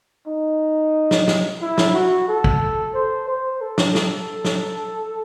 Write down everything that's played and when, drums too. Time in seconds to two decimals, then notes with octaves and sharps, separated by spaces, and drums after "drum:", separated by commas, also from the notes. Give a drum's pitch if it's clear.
0.27 D#4
1.11 drum: snare
1.28 drum: snare
1.61 E4
1.78 drum: snare
1.94 F#4
2.28 A4
2.44 drum: kick
2.94 C5
3.28 C5
3.61 A4
3.78 drum: snare
3.95 A4, drum: snare
4.45 drum: snare